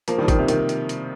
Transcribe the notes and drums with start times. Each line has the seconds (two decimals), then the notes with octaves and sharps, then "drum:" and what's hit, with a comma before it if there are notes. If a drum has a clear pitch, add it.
0.08 F3 A#3, drum: hi-hat
0.18 D#3 G3
0.23 F3
0.28 D#3, drum: kick, hi-hat
0.38 C3
0.48 D#3, drum: hi-hat
0.69 drum: hi-hat
0.89 drum: hi-hat